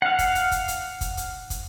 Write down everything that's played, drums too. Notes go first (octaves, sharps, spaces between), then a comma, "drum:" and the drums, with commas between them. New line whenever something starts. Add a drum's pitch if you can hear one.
F5 F#5
drum: kick, hi-hat
drum: hi-hat
drum: kick, hi-hat
drum: hi-hat
drum: kick, hi-hat
drum: hi-hat
drum: kick, hi-hat